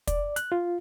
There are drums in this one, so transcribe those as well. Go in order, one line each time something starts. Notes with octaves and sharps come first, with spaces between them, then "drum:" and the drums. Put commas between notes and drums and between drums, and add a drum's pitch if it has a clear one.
D5, drum: kick, hi-hat
F#6, drum: hi-hat
F4